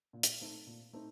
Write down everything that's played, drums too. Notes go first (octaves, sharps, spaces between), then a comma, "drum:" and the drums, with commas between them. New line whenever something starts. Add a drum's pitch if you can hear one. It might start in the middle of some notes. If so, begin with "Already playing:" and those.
A#2
drum: hi-hat
A3 C4 D#4
A#2
A3 C4 D#4